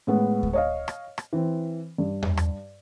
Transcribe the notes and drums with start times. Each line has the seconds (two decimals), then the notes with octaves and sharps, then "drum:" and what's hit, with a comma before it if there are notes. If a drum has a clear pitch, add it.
0.07 A2 G#3 B3
0.43 drum: kick D2
0.53 C#5 D#5 F5
0.88 drum: rim click
1.18 drum: rim click
1.33 E3 C4
1.98 G2
2.22 drum: tom E2
2.37 drum: rim click